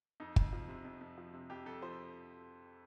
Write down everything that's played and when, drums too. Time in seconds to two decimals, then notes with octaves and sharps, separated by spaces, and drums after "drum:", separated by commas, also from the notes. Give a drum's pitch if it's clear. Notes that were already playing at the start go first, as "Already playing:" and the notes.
0.20 F2 D#4
0.36 F2, drum: kick
0.53 F3
0.68 C3
0.85 F2
1.01 F2
1.18 F3
1.34 C3
1.50 F2 G4
1.66 F2 A4
1.82 F3 C5